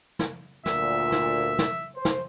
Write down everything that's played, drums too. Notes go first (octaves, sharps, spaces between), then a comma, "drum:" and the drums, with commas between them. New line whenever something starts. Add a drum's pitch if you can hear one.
drum: snare
D2 A#2 E5, drum: snare
drum: snare
drum: snare
C5
drum: snare